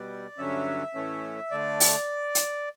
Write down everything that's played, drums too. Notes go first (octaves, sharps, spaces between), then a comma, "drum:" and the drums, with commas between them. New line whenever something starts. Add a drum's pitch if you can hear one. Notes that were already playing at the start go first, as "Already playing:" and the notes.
Already playing: B2 G3 B3 D5
G2 D3 F#3 C#4 E5
A2 E3 A3 C#4
D3 A3 D5
drum: open hi-hat
drum: hi-hat